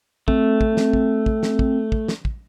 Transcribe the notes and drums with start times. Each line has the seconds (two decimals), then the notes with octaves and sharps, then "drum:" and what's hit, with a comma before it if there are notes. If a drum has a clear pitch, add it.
0.28 A3 C4, drum: kick
0.61 drum: kick
0.77 drum: snare
0.93 drum: kick
1.26 drum: kick
1.43 drum: snare
1.59 drum: kick
1.92 drum: kick
2.08 drum: snare
2.25 drum: kick